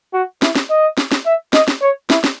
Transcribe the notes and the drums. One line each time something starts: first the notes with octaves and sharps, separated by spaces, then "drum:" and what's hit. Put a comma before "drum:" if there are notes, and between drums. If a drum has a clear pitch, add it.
F#4
E4, drum: snare
drum: snare
D#5
drum: snare
drum: snare
E5
D#5, drum: snare
drum: snare
C#5
E4, drum: snare
drum: snare